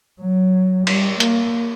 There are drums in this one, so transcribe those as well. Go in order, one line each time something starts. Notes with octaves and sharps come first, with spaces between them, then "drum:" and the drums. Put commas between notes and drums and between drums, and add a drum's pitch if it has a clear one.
F#3
G3, drum: cymbal
A#3, drum: hi-hat